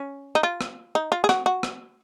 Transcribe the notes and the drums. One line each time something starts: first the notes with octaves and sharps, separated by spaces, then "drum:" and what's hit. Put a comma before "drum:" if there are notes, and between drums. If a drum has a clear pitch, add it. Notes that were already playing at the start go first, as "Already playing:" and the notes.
Already playing: C#4
D#4
F4
drum: rim click
D#4
F4
G#4
F#4, drum: rim click
F#4
drum: rim click